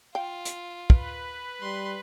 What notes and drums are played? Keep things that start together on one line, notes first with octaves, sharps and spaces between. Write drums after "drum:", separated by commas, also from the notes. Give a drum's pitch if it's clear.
F4 F5 G5
drum: hi-hat
A#4 B4, drum: kick
G3 C6